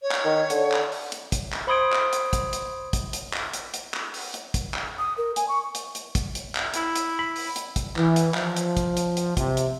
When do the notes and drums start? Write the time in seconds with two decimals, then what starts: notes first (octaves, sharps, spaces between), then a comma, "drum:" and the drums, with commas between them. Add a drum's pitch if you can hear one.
0.01 C#5
0.12 drum: clap
0.25 D#3
0.50 D3, drum: hi-hat
0.72 drum: clap
0.92 drum: open hi-hat
1.12 drum: hi-hat
1.32 drum: kick, hi-hat
1.52 drum: clap
1.67 C5 B5 C6 D#6 G#6 D7
1.93 drum: clap
2.13 drum: hi-hat
2.33 drum: kick, hi-hat
2.53 drum: hi-hat
2.93 drum: kick, hi-hat
3.13 drum: hi-hat
3.33 drum: clap
3.54 drum: hi-hat
3.74 drum: hi-hat
3.94 drum: clap
4.14 drum: open hi-hat
4.34 drum: hi-hat
4.54 drum: kick, hi-hat
4.74 drum: clap
4.99 D#6
5.18 A#4
5.36 G#5, drum: hi-hat
5.49 C#6
5.75 drum: hi-hat
5.95 drum: hi-hat
6.15 drum: kick, hi-hat
6.35 drum: hi-hat
6.55 drum: clap
6.74 E4, drum: hi-hat
6.96 drum: hi-hat
7.19 B5
7.36 drum: open hi-hat
7.56 drum: hi-hat
7.76 drum: kick, hi-hat
7.96 E3, drum: clap
8.16 drum: hi-hat
8.34 F3, drum: clap
8.56 drum: hi-hat
8.77 drum: kick, hi-hat
8.97 drum: hi-hat
9.17 drum: hi-hat
9.37 C3, drum: kick, hi-hat
9.57 drum: hi-hat